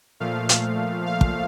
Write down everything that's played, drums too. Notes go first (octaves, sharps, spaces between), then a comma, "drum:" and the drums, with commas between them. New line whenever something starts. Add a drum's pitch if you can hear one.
A#2 F3 A3 F5
drum: hi-hat
F5
drum: kick